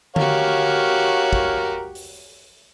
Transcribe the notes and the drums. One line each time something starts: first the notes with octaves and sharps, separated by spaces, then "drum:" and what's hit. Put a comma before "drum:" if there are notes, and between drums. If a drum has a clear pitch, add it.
F#4 G4 A#4 C#5 F5, drum: tom D3
drum: kick
drum: open hi-hat